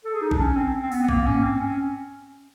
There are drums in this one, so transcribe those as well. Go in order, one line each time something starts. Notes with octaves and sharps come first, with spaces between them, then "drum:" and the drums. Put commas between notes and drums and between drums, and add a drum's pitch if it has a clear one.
A4
G#4
D#4
D4, drum: kick A1
C#4
C4
C4
B3, drum: open hi-hat
B3
A#3, drum: kick A1
C#4, drum: tom G2
C4
C#4